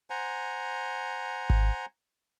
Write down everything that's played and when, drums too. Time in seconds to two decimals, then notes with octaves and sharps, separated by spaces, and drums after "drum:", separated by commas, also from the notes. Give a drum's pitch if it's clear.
0.10 C5 F#5 G#5 A#5
1.50 drum: kick G#1